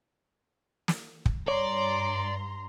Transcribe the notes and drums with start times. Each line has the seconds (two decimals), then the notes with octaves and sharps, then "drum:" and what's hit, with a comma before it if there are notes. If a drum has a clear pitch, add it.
0.88 drum: snare
1.26 drum: kick
1.48 G2 C#5 D5 A#5 C6